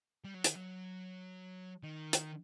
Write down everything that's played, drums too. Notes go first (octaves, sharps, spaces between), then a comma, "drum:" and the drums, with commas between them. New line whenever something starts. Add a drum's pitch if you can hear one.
G3
F#3
D#3, drum: hi-hat
F#3
D#3
drum: hi-hat